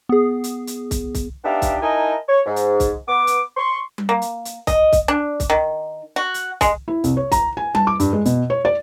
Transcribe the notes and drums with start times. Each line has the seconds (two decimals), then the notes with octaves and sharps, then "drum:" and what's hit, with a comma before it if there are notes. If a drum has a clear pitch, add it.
0.09 B3 G#4
0.44 drum: hi-hat
0.67 drum: hi-hat
0.91 drum: kick C2, hi-hat
1.15 drum: kick C2, hi-hat
1.45 B3 D4 D#4 G4 E5 F5
1.62 drum: kick C2, hi-hat
1.82 D#4 E4 A#4 D#5 G#5 A5
2.29 C#5
2.46 G#2
2.56 drum: hi-hat
2.80 drum: kick C2, hi-hat
3.08 B3 D6
3.27 drum: hi-hat
3.57 C6 C#6
3.98 drum: tom G3
4.09 A#3
4.22 drum: hi-hat
4.45 drum: hi-hat
4.67 D#5, drum: kick C2, hi-hat
4.92 drum: kick C2, hi-hat
5.08 D4
5.40 drum: kick C2, hi-hat
5.50 D#3
6.16 F#4
6.34 drum: hi-hat
6.61 G#3, drum: kick C2, hi-hat
6.88 E4
7.04 C2, drum: hi-hat
7.17 C#5
7.32 A#5, drum: kick C2, hi-hat
7.57 G#5
7.75 A5, drum: tom G3
7.87 D6
8.00 G2, drum: hi-hat
8.13 G#3
8.25 B2, drum: hi-hat
8.50 C#5
8.65 D5